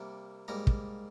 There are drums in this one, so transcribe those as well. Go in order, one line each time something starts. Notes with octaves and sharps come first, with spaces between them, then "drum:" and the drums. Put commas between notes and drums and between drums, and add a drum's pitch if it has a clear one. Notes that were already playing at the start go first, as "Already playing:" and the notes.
Already playing: C3 G3 A#3
G#2 G3 A#3 A#5
drum: kick